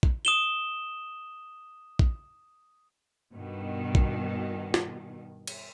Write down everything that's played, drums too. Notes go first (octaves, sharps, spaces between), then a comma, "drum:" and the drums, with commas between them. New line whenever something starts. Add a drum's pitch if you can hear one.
drum: kick A#1
D#6 E7 G7
drum: kick A#1
G2 B2 D#3
drum: kick A#1
drum: snare
drum: cymbal